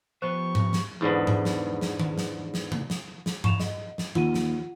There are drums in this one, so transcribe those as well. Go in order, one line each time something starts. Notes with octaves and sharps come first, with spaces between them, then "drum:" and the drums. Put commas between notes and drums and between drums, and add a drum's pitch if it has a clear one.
F3 B3 G4 C5 C#6
drum: tom G#2
drum: snare
E2 G#2 D3 B3
drum: tom G#2
drum: snare
drum: snare
drum: tom
drum: snare
drum: snare
drum: tom C3
drum: snare
drum: snare
C#6 E7 F7, drum: tom G2
D#5, drum: snare
drum: snare
D#2 F4 F#5 D#7, drum: tom
drum: snare